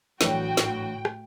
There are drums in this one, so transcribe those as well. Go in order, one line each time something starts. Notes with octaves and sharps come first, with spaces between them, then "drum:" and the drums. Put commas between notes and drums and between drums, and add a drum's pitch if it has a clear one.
A1 A2 E3 F#3 A3 D4 F#4 G5, drum: snare
drum: snare
drum: rim click